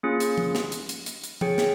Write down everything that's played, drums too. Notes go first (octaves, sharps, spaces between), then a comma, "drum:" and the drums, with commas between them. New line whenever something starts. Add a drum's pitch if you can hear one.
A#3 C#4 F4 G#4
drum: hi-hat
drum: tom F3
drum: snare
drum: hi-hat
drum: hi-hat
drum: hi-hat
drum: hi-hat
G#4 C#5 G5, drum: tom F3
drum: snare